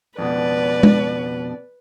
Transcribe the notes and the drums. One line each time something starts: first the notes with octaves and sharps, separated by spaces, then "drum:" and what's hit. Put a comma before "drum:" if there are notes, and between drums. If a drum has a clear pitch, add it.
F2 B2 B4 D5
drum: tom G#3